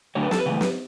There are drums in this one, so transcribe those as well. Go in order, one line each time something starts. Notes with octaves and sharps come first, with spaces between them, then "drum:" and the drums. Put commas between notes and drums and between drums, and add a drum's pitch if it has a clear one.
D3 F#3 A3 D4 C#5
B4
A4, drum: snare
B4
C#3 E3 A3
drum: snare